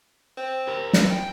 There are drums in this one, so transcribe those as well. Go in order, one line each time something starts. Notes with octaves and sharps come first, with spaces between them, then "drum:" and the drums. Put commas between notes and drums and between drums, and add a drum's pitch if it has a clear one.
C4
G4 A#4
F3, drum: snare
E3 G5